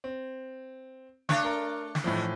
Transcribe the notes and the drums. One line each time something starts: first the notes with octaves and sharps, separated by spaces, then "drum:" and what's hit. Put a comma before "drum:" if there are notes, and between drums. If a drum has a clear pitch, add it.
C4
A3 D4 C#5 C#6 F#6, drum: snare
A#4
drum: snare
F2 A2 E3 F3 D4